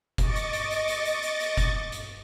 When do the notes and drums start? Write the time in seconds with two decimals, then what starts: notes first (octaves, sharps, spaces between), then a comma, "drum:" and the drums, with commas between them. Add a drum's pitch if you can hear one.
0.18 D#5 C#6 D6 A6, drum: kick, hi-hat
0.36 drum: hi-hat
0.53 drum: hi-hat
0.70 drum: hi-hat
0.88 drum: hi-hat
1.05 drum: hi-hat
1.23 drum: hi-hat
1.40 drum: hi-hat
1.57 drum: kick, hi-hat
1.92 drum: hi-hat